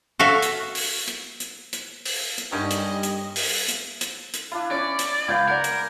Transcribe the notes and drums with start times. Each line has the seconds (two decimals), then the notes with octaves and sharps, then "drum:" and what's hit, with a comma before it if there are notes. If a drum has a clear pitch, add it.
0.19 F#4 A4 E5 F5
0.42 drum: hi-hat
0.75 drum: open hi-hat
1.08 drum: hi-hat
1.40 drum: hi-hat
1.73 drum: hi-hat
2.05 drum: open hi-hat
2.38 drum: hi-hat
2.52 G2 D3 D#3 G3 C#4 D#5
2.71 drum: hi-hat
3.03 drum: hi-hat
3.36 drum: open hi-hat
3.68 drum: hi-hat
4.01 drum: hi-hat
4.34 drum: hi-hat
4.52 D4 E4 F4
4.71 C#4 D5
4.99 drum: hi-hat
5.28 C#2 F4 G#5 B5 G6 G#6
5.48 A#4 D5 F#5
5.64 drum: hi-hat